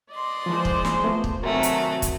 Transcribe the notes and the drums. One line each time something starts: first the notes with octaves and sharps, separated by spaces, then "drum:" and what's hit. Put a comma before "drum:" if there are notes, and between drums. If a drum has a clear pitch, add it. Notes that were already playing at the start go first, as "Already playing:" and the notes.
D5 D#5 C6
F3 G#3 E4 C5
drum: kick
drum: snare
A3 B3 F4
drum: kick
C3 D#3 F#3 A3 F#4 A#4 C5 G#5
drum: hi-hat
drum: kick, hi-hat